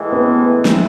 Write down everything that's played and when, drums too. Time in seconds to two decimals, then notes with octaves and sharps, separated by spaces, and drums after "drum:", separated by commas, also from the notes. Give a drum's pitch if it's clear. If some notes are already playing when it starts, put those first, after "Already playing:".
Already playing: A2 E3 G#3
0.12 B3
0.65 drum: snare